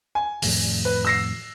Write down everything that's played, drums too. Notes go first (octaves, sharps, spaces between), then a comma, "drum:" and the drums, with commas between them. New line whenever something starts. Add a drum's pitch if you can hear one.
G#5
F2 A2 D#3, drum: open hi-hat
B4
E6 A#6 C7